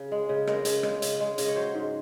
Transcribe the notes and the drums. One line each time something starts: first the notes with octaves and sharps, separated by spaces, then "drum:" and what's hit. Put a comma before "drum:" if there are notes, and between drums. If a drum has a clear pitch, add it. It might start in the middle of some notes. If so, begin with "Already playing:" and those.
Already playing: C#3
G#3
C#3
G#3 A#4, drum: rim click
C#3, drum: hi-hat
G#3, drum: rim click
C#3, drum: hi-hat
G#3
C#3 D#5, drum: hi-hat
C#5
F#3 C5
G#2